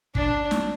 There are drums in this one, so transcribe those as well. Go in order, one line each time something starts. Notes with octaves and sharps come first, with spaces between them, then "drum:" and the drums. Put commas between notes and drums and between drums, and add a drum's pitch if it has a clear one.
D4, drum: kick
drum: snare